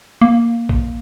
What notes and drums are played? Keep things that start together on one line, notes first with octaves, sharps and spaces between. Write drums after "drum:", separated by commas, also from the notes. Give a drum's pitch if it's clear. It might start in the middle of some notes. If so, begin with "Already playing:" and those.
A#3
drum: kick A#1